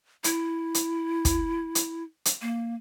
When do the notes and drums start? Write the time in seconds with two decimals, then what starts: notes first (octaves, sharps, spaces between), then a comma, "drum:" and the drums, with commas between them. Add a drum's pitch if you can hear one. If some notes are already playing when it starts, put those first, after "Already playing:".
0.24 E4, drum: hi-hat
0.75 drum: hi-hat
1.25 drum: kick, hi-hat
1.75 drum: hi-hat
2.25 drum: hi-hat
2.42 A#3